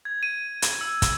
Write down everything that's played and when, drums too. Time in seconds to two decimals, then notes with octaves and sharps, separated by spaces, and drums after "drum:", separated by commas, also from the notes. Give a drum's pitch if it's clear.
0.05 G#6
0.23 D#7
0.62 drum: hi-hat
0.81 E6
1.02 drum: kick, hi-hat